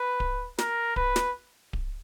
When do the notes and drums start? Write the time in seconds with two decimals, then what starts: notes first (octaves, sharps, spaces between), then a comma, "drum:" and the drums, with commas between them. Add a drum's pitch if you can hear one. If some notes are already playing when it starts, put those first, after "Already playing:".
Already playing: B4
0.20 drum: kick D1
0.58 A#4, drum: snare
0.96 B4, drum: kick D1
1.16 drum: snare
1.73 drum: kick D1